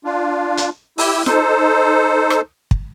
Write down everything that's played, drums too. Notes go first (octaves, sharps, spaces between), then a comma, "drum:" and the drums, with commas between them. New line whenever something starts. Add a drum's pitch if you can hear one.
D4 F4
drum: hi-hat
E4 G4 E6, drum: open hi-hat
D#4 A4 C5, drum: snare
drum: rim click
drum: kick